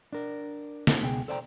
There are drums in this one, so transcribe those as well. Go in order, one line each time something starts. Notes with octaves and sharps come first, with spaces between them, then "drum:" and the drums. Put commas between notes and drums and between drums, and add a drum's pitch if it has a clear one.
D4 A#4
C4, drum: snare
C#2 B2 G#4 G5
A4 C5 D5 G5 G#5 A#5